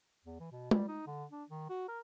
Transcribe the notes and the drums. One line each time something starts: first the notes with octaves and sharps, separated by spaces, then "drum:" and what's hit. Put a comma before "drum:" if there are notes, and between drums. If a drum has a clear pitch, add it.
E2
E3
B2
G3, drum: tom G#3
D#4
D3
D4
D#3
F#4
A#4